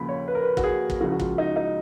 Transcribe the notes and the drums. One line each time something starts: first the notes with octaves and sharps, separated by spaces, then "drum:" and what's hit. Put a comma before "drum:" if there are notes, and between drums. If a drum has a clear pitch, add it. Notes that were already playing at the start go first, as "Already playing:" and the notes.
Already playing: D#2 C#3 F3 B5
C#5
B4
A#4
B4
F#4, drum: kick
G#4
drum: kick
C#2 C#3 F3 F#4
F#4
F4, drum: kick
D#4
D#4